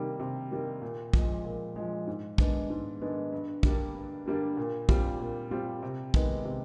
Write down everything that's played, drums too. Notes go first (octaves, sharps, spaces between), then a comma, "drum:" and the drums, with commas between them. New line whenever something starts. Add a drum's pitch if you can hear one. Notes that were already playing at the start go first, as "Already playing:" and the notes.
Already playing: C3 D#3 G3 A#3
C3
D#3 G3 A#3
A#2
F3 G#3, drum: kick
A#2
F3 G#3
G#2
D#3 G#3 B3 D4, drum: kick
G#2
D#3 G#3 B3 D4
G2
D3 G3 A#3 D4, drum: kick
G2
D3 G3 A#3 D4
A#2
G3 C4 F4, drum: kick
A#2
G3 C4 F4
C3
D#3 G#3 B3, drum: kick
C3